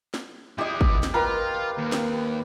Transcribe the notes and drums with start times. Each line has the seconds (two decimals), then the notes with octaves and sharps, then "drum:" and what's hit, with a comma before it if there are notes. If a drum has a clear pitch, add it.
0.14 drum: snare
0.58 E3 G4 G#4 D#5
0.81 drum: kick
1.03 drum: snare
1.14 F4 A#4 B4 G5
1.78 D#2
1.92 drum: snare